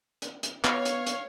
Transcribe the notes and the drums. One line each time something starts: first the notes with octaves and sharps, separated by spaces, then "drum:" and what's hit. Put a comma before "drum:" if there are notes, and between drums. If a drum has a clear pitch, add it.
drum: hi-hat
drum: hi-hat
B3 C#5 F5, drum: clap
drum: hi-hat
drum: hi-hat